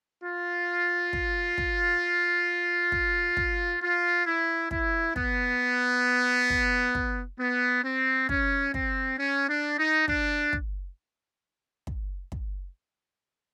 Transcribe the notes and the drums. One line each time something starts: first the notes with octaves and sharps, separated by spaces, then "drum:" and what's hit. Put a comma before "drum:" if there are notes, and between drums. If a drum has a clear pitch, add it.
F4
drum: kick
drum: kick
drum: kick
drum: kick
F4
E4
E4, drum: kick
B3, drum: kick
drum: kick
drum: kick
B3
C4
C#4, drum: kick
C4, drum: kick
C#4
D4
D#4
D4, drum: kick
drum: kick
drum: kick
drum: kick